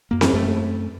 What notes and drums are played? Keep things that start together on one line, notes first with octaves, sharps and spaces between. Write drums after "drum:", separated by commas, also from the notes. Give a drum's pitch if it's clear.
F#2 A#3
drum: snare C4
F#2 A3